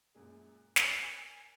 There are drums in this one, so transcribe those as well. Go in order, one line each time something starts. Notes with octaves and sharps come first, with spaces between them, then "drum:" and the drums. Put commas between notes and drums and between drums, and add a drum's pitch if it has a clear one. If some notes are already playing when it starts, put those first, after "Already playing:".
F#2 A#2 G#3
A#4 G#5, drum: snare